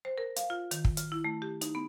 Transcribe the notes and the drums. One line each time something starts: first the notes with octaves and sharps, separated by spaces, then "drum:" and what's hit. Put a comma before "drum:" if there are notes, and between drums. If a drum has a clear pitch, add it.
C5
A#4
F5, drum: hi-hat
F4
D#3, drum: hi-hat
drum: kick
F6, drum: hi-hat
E4
A3
G4
D#4, drum: hi-hat
B3